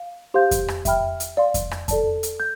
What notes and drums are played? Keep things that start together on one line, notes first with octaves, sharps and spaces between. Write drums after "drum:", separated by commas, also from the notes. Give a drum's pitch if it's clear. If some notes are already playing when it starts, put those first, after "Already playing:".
Already playing: F5
G4 C5 F5 C6 G6
drum: kick F2, hi-hat
drum: rim click
E5 G5 B5 F6, drum: kick F2, hi-hat
drum: hi-hat
D5 F5 C6
drum: kick F2, hi-hat
drum: rim click
A4 D5 A5, drum: kick F2, hi-hat
drum: hi-hat
G6